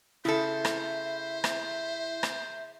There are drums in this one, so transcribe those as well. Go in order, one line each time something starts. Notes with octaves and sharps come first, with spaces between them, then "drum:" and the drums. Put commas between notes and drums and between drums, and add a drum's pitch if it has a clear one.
C#3 E4 A4 C5 E5
drum: rim click
drum: rim click
drum: rim click